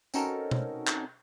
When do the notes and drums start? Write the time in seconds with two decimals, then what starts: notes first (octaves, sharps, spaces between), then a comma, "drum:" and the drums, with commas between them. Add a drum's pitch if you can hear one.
0.14 C4 C#4 D#4 F#4 A4 A#4, drum: tambourine
0.51 drum: tom B2
0.87 drum: clap